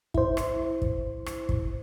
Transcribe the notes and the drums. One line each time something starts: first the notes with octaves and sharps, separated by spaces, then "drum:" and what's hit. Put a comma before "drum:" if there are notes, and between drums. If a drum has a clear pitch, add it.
E4 C5, drum: kick
drum: rim click
drum: kick
drum: rim click
drum: kick